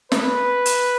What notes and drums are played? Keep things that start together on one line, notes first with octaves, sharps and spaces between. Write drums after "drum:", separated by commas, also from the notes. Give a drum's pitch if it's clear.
B4, drum: snare
drum: hi-hat